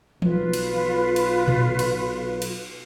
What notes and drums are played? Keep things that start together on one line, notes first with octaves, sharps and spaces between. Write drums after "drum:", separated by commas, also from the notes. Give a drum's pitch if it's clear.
B1 F4 B4, drum: tom E3
drum: cymbal
drum: cymbal
drum: tom A#2
drum: cymbal
drum: cymbal